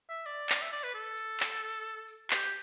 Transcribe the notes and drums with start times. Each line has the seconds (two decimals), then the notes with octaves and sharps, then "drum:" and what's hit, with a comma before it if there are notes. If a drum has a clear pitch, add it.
0.10 E5
0.26 D5
0.50 drum: clap
0.62 E5
0.73 D5, drum: tambourine
0.84 B4
0.95 A4
1.17 drum: tambourine
1.40 drum: clap
1.63 drum: tambourine
2.08 drum: tambourine
2.31 G4, drum: clap